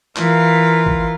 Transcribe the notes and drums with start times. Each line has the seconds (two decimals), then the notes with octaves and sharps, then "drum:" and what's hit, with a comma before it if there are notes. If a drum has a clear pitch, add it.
0.16 E3 F4 A#4 F5, drum: clap
0.86 drum: kick